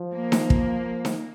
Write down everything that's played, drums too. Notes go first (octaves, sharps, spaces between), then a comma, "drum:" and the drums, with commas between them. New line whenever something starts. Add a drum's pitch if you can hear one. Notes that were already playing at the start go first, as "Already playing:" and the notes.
Already playing: F3
A#3
drum: snare D#4
drum: kick
drum: snare D#4